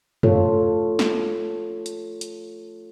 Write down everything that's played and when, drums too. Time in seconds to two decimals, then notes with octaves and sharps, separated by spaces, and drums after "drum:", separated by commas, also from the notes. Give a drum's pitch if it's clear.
0.23 A3 F4 A4 C#5, drum: tom
0.99 drum: snare
1.86 drum: hi-hat
2.21 drum: hi-hat